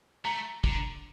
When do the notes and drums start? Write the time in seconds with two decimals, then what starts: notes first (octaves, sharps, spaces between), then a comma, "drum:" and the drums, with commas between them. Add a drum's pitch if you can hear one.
0.25 A3 A#5
0.64 D3, drum: kick